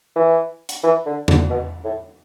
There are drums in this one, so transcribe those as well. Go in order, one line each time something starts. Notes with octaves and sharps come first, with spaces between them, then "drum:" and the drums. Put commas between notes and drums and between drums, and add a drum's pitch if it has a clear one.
E3
drum: hi-hat
E3
D3
D3, drum: tom E2
B2
A2